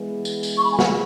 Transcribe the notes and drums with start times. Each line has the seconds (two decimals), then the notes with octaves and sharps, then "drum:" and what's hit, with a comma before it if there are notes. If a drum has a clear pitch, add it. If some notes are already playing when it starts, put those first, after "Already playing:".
Already playing: E3 G#3 B3 G#4
0.25 drum: tambourine
0.43 drum: tambourine
0.58 C#6
0.65 B5
0.72 G#5
0.79 F#5, drum: snare